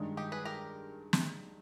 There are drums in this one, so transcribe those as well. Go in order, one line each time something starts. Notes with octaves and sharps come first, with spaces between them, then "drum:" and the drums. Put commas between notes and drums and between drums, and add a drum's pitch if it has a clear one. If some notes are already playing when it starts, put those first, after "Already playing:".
Already playing: G2 D#3 G#3
D#4 G4
G#4 B4
G4 A#4
drum: snare